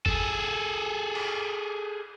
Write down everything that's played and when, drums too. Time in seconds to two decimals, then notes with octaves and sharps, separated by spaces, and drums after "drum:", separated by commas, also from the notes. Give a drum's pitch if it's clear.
0.06 G#4 A4, drum: kick G1
1.15 drum: cymbal